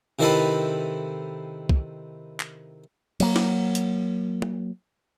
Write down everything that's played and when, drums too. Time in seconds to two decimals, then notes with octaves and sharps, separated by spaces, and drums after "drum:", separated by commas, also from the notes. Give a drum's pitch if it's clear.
0.19 C3 D#3 C4 E4 A4 B4
1.69 drum: kick C2
2.40 drum: clap
3.20 F#3 A#3, drum: cymbal
3.36 drum: snare
3.75 drum: hi-hat
4.42 drum: tom